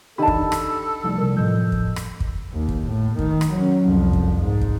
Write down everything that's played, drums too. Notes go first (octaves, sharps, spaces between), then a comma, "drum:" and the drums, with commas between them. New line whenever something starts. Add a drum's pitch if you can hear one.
D#3 D4 G4 A4 G#5 A5 B5
drum: kick
drum: rim click
F1 C2
C3 G3 A#4
F2 A2 E6 G6
drum: kick
drum: rim click
drum: kick
D#2
drum: kick
A2
D#3, drum: kick
drum: rim click
F#3 C#4
C2 F2
drum: kick
G#2
drum: kick